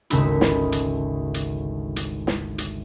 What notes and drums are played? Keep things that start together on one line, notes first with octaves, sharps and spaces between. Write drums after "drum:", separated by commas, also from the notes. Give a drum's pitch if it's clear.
G#1 D2 C#3 D#4 B5 E6, drum: hi-hat
drum: snare
drum: hi-hat
drum: hi-hat
drum: hi-hat
drum: snare
drum: hi-hat